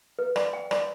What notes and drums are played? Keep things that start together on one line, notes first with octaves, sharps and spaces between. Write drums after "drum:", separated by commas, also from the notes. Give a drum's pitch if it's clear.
B4
D5, drum: rim click
G5
D5, drum: rim click